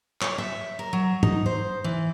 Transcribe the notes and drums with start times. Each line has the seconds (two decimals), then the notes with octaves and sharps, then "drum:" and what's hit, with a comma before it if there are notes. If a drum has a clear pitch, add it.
0.21 C#5, drum: clap
0.38 E5
0.79 A#4
0.93 F#3
1.23 D#4, drum: tom
1.46 C5
1.84 E3